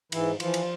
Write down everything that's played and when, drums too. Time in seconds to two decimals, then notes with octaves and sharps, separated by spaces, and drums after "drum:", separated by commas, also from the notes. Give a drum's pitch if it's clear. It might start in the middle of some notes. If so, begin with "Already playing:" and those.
0.12 G#2 E3 E4, drum: cymbal
0.40 E3 F3 F4, drum: cymbal
0.54 drum: cymbal